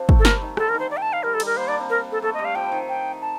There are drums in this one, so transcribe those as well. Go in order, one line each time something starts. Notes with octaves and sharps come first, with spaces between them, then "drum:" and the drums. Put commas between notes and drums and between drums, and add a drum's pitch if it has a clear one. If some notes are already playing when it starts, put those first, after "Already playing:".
Already playing: F3 C4 D4
A3, drum: kick
A4
G3 A#4, drum: snare
D#3
D3 A4, drum: rim click
A#4
D#3 C5
D5
G5
A5
F5
G3 A#4
A4
G3, drum: cymbal
A#4
A#3 C5
D4 D5
C4
A#4
A4
A3 A4
D#5
G3
F5
F3 G5
D#3
G5
A5